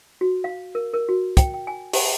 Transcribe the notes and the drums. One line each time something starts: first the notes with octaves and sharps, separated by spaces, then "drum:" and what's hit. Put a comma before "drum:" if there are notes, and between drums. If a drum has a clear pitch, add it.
F#4
F5
A#4
A#4
F#4
G5, drum: kick, hi-hat
G5
G#5
G4, drum: open hi-hat